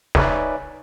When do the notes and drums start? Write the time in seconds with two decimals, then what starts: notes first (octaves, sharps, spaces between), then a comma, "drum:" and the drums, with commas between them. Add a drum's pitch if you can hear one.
0.15 D#4 B4 C#5 D5 E5 G#5, drum: snare